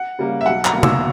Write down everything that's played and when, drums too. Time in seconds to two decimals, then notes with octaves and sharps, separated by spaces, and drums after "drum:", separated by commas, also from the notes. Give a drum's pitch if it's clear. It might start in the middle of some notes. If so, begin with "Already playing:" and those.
Already playing: F#5
0.19 C#3 G3 A#3
0.41 E5
0.46 B1 F#5
0.65 A#5, drum: clap
0.74 B2 A#3
0.83 E6, drum: tom C3